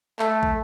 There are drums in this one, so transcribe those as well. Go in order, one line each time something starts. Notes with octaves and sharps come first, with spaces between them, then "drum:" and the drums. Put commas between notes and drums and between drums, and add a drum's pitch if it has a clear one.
A3, drum: clap
drum: kick